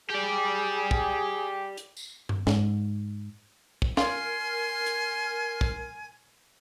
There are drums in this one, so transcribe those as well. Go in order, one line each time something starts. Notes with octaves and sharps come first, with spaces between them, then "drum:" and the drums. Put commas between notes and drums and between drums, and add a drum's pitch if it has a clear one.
G4 G#4 D5
drum: kick
drum: hi-hat
drum: tambourine
drum: tom G2
G#2, drum: snare
drum: kick
F4 A#4 G#5 C6, drum: snare
drum: hi-hat
drum: kick